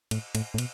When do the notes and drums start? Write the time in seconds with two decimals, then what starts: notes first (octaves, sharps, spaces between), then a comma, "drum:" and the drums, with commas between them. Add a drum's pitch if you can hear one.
0.11 A2, drum: cymbal
0.35 A2, drum: cymbal
0.54 A2
0.58 B2, drum: cymbal